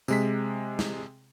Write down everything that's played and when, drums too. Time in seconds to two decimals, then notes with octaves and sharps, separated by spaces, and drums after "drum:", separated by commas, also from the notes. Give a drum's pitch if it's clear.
0.08 C3 G#3 B6, drum: tambourine
0.79 drum: snare